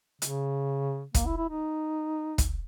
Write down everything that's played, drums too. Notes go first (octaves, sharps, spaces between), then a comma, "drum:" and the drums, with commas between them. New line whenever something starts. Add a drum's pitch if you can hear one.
C#3, drum: hi-hat
A#3, drum: kick, hi-hat
E4
E4
D#4
drum: kick, hi-hat